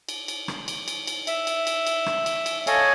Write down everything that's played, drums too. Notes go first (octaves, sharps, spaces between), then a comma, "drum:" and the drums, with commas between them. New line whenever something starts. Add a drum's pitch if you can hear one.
drum: cymbal
drum: cymbal
drum: rim click
drum: cymbal
drum: cymbal
drum: cymbal
E5, drum: cymbal
drum: cymbal
drum: cymbal
drum: cymbal
drum: rim click
drum: cymbal
drum: cymbal
A4 C#5 D#5 F5 G#5, drum: cymbal